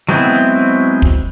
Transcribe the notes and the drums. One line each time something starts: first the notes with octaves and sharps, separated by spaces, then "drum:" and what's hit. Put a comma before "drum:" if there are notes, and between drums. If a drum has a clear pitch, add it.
F#3 G#3 B3 C4 E4
drum: kick